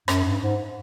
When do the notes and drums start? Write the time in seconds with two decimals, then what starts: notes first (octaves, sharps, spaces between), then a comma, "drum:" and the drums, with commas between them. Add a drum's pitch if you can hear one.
0.08 F#2, drum: rim click
0.24 G2
0.42 G#2